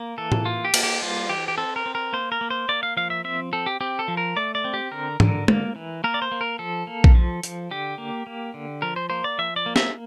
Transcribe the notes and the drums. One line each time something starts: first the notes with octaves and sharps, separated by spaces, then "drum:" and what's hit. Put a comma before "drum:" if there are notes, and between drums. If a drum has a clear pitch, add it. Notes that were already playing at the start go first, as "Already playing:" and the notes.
Already playing: A#3
E3 A4
drum: tom A2
A#3 F4
G4
A#3, drum: cymbal
G4
G3 F4
E3 G4
G4
C4 A4
A#4
C4
A#4
A#3 C5
A#4
A#3
C5
A#3 D5
F5
F3 F5
E5
C4 E5
C4 A4
G4
C4 G4
A4
F3
A#4
A3 D5
D5
C4
G4
D3 A#4
D3, drum: tom
A#3, drum: tom G#3
E3
A#3 A#4
D5
C5
A#3
A#4
F3 A4
A#3
drum: kick A#1
F3
F3, drum: hi-hat
D3 G4
A#3
A#3
D3
F3 A#4
C5
A#3 C5
D5
F3 E5
D5
A#3
E5, drum: snare